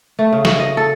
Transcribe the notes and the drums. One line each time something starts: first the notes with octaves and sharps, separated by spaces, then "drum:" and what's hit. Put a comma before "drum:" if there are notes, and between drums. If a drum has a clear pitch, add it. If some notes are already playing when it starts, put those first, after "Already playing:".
A3
C#3
F#4, drum: snare
D#5
A4